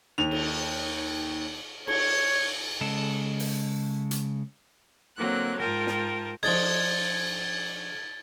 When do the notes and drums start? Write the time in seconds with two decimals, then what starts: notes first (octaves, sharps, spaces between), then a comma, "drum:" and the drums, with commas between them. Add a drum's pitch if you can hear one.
0.18 D#2 F7
0.31 drum: cymbal
1.87 C#5, drum: cymbal
2.81 C#3 G#3 A4
3.39 drum: open hi-hat
4.11 drum: hi-hat
5.16 D3 F#3 A#3 C4 F#6
5.57 G#2 F4 A#4 G5 A5
5.87 drum: snare
6.43 F3 D4 D#4 G#6 A6 G7, drum: cymbal